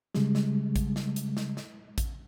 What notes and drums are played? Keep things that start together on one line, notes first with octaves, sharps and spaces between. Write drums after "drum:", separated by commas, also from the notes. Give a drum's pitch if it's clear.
C#3 G3 G#3, drum: snare
drum: snare
drum: kick A1, hi-hat
drum: snare
drum: hi-hat
drum: snare
drum: snare
drum: kick A1, hi-hat